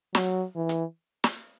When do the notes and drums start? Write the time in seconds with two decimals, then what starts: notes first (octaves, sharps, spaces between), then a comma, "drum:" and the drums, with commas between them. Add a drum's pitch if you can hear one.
0.15 F#3, drum: snare
0.56 E3
0.69 drum: hi-hat
1.24 drum: snare